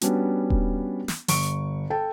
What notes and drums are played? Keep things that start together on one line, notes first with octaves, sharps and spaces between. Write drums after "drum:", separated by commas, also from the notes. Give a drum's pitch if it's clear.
G3 B3 C#4 D4 F#4, drum: hi-hat
drum: kick D#1
drum: snare
G1 C#6 D7, drum: open hi-hat
A4 G5 A5